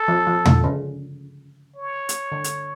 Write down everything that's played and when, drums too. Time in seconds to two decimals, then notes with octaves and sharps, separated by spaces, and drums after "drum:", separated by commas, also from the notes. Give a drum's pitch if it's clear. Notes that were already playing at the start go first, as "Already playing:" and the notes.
Already playing: A4
0.08 F3
0.27 F3
0.45 D3, drum: tom
0.64 C#3
1.76 C#5
2.09 drum: hi-hat
2.32 D3
2.44 drum: hi-hat